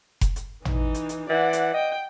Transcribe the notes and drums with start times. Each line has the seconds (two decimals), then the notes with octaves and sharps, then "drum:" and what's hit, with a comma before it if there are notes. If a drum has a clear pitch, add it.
0.21 drum: kick F1, hi-hat
0.36 drum: hi-hat
0.65 E3 D#4, drum: tom
0.95 drum: hi-hat
1.09 drum: hi-hat
1.30 E3 D5 F#5
1.53 drum: hi-hat
1.74 D#5 G5